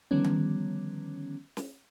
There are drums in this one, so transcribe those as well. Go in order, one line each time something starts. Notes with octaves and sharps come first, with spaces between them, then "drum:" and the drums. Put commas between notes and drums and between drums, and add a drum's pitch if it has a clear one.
D3 D#3 F3 G3 B3 C#4
drum: tom D#3
drum: snare